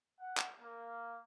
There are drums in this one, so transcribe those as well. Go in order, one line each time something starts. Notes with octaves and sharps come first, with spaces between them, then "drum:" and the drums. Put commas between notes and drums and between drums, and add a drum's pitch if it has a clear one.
F#5
drum: clap
A#3